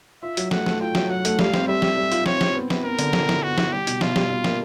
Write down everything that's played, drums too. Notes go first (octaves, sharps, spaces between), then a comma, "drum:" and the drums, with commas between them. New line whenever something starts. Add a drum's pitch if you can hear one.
F4 E5
F#3, drum: hi-hat
A3 F#5, drum: snare
A3, drum: snare
F4 G5
F#3, drum: snare
F#3 F#5
A3, drum: hi-hat
G3 F5, drum: snare
C4, drum: snare
G3 E5
G3, drum: snare
G3
F4, drum: hi-hat
C4 C#5, drum: snare
C4, drum: snare
B3
B3, drum: snare
B3 A#4
D3, drum: hi-hat
D3, drum: snare
E4, drum: snare
B3 F#4
E4, drum: snare
G3 G4
B2, drum: hi-hat
B2 F4, drum: snare
G3, drum: snare
B2
A#3, drum: snare